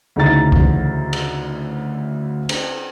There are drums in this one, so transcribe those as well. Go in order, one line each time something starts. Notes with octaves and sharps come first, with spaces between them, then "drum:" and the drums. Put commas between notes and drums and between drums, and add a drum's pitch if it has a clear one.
D2 C#3 D#4 E4 A#5 A6
drum: kick C2
drum: cymbal
drum: cymbal